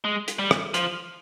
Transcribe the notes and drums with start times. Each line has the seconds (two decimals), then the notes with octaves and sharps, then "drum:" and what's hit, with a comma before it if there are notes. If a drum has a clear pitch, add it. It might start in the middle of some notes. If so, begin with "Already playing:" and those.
0.04 G#3
0.28 drum: hi-hat
0.39 G3
0.51 drum: rim click
0.74 F3, drum: hi-hat